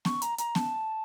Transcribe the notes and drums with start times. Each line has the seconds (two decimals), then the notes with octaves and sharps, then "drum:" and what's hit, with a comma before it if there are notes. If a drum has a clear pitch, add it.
0.05 C#6, drum: snare B3
0.22 A#5, drum: hi-hat
0.38 A#5, drum: hi-hat
0.55 A5, drum: snare B3